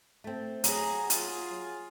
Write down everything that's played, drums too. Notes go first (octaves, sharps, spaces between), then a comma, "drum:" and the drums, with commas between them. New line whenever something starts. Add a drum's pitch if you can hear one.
A3 C4
F#3 G#4 A#5, drum: hi-hat
F4 G#4, drum: hi-hat